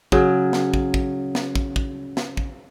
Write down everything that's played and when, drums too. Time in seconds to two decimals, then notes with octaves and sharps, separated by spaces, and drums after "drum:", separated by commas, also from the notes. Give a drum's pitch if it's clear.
0.12 C#3 F#3, drum: kick
0.53 drum: snare
0.74 drum: kick
0.94 drum: kick
1.35 drum: snare
1.55 drum: kick
1.76 drum: kick
2.17 drum: snare
2.37 drum: kick